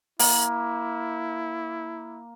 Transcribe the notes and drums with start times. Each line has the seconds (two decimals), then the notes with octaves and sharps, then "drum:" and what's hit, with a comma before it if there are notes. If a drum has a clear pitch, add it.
0.19 A#3 E4, drum: open hi-hat